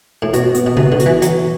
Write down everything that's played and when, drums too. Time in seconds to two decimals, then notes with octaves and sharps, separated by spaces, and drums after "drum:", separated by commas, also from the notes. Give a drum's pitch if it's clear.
0.22 A2
0.34 B2 F#4, drum: hi-hat
0.55 B3, drum: hi-hat
0.66 B2
0.77 C3 B4, drum: tom C#3
0.92 D3
1.00 F#4, drum: hi-hat
1.06 E3
1.22 E3 F#3, drum: hi-hat